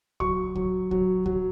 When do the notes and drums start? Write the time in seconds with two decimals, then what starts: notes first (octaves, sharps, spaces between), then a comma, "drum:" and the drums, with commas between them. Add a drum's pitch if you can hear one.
0.20 F#3 C#6, drum: kick
0.55 F#3, drum: kick
0.91 F#3, drum: kick
1.26 F#3, drum: kick